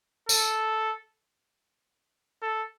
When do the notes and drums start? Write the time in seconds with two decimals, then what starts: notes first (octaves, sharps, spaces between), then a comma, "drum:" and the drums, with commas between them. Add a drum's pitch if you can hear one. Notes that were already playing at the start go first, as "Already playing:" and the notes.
0.29 A4, drum: tambourine
2.42 A4